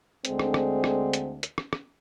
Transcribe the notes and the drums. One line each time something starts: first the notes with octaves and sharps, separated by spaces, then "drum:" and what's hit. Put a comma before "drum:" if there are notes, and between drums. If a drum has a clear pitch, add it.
D2 D3 G#3 C4, drum: hi-hat
drum: rim click
drum: rim click
drum: rim click
drum: hi-hat
drum: hi-hat
drum: rim click
drum: rim click